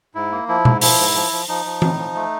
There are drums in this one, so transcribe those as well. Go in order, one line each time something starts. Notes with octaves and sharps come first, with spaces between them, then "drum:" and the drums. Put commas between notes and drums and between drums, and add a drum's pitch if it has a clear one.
G#2 E4
A#3
F3 E4
G#2, drum: tom B2
F3 E4, drum: open hi-hat
G#2
F3
F3
F3 D#4
F3
A2, drum: tom E3
F3
A3